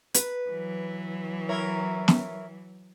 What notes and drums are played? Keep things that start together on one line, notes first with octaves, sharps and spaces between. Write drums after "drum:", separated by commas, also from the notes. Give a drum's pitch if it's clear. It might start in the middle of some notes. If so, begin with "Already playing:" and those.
B4, drum: hi-hat
E3 F#3
E4 A#4 C#5
drum: snare